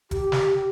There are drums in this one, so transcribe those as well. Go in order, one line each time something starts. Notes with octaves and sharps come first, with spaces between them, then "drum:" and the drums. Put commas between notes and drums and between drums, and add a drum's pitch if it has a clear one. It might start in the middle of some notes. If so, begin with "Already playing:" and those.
G4, drum: kick F1, hi-hat
drum: snare